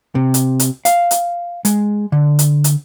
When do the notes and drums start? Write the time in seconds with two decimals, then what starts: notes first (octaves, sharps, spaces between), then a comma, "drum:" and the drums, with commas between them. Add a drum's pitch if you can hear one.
0.15 C3
0.34 drum: hi-hat
0.60 drum: hi-hat
0.85 F5, drum: hi-hat
1.11 drum: hi-hat
1.65 G#3, drum: hi-hat
2.12 D3
2.39 drum: hi-hat
2.64 drum: hi-hat